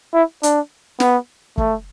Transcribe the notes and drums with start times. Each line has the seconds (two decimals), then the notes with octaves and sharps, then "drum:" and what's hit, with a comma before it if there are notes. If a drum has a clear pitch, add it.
0.14 E4
0.43 D4, drum: hi-hat
1.00 B3, drum: snare
1.58 A3, drum: kick